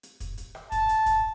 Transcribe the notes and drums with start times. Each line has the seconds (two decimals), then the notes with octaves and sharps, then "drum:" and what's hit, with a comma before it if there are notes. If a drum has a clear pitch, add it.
0.03 drum: hi-hat
0.20 drum: kick, hi-hat
0.38 drum: hi-hat
0.55 drum: rim click
0.72 A5, drum: kick, hi-hat
0.89 drum: hi-hat
1.06 drum: kick, hi-hat